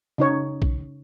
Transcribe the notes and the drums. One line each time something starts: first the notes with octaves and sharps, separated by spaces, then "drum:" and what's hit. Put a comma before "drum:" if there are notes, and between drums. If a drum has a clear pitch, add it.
C#3 D#4 C#5
drum: kick